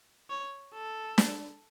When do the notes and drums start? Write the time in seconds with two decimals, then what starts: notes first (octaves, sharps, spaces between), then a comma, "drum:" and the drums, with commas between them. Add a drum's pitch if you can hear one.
0.30 C#5
0.74 A4
1.18 drum: snare